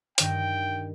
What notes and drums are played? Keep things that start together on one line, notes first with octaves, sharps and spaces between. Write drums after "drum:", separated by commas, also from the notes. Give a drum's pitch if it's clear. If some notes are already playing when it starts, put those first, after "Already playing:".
G2 D#3 D#5 G5, drum: hi-hat